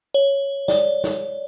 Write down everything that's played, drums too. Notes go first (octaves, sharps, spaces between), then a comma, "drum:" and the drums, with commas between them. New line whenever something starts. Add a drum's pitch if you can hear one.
C#5
D5, drum: snare
drum: snare